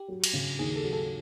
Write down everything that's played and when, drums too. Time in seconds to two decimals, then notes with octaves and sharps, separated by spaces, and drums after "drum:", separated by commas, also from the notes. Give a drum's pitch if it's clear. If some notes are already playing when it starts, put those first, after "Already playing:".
Already playing: G4
0.08 F#3
0.24 drum: cymbal
0.33 C#3
0.59 D#2 G#4
0.76 A4
0.84 F#3
0.93 A4